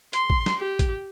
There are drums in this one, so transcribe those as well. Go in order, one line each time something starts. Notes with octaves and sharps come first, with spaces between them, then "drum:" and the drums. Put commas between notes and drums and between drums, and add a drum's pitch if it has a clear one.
C6, drum: hi-hat
drum: kick A1
drum: snare
G4
drum: kick A1, hi-hat